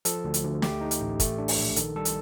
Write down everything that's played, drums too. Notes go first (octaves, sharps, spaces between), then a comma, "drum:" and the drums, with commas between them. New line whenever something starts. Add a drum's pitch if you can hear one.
F3 A4, drum: hi-hat
D2
drum: hi-hat
D2
A3 G4, drum: snare
D#4
drum: hi-hat
A1
A3, drum: kick, hi-hat
D4
drum: open hi-hat
A#1
D#3 A4, drum: hi-hat
G3 A4
drum: hi-hat